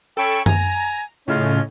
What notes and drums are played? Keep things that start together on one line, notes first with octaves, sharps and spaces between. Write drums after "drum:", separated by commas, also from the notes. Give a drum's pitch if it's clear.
C#4 A4 G5 B5 C#6 E6
G#5 A#5, drum: tom F#2
A2 C#3 C#4 F4 D#5